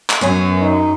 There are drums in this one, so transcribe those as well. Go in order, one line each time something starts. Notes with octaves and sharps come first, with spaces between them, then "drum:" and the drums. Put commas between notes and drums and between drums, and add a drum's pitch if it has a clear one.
drum: clap
F#2 B3 C#5 G#5
D#4